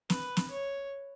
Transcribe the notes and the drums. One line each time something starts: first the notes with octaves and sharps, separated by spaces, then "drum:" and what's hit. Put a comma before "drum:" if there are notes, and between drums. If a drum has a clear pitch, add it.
B4, drum: snare
drum: snare
C#5